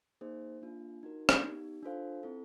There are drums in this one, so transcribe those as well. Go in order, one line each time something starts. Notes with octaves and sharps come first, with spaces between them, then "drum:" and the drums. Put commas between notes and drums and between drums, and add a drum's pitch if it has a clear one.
A#3 D#4 G#4 C5
A#3 D4 F4
D#4 F#4 A#4
drum: rim click
B3 D#4 G4
D4 F4 A4 C5 F5
C4 E4 A4